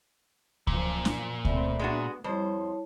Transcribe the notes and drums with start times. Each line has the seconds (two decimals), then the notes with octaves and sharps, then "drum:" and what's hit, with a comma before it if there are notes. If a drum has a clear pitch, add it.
0.67 F#2 A#2 F3, drum: kick C#2
1.05 drum: snare
1.45 A3 C4 D5 E5 B5, drum: kick C#2
1.79 G#3 B3 D4 F#4
2.24 F2 G3 E4 C5 C#5 A5